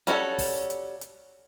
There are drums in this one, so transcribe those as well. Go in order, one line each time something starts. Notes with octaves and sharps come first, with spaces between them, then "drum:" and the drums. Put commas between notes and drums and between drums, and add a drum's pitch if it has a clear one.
G3 C#4 F#4 A4, drum: hi-hat
drum: kick, open hi-hat
drum: hi-hat
drum: hi-hat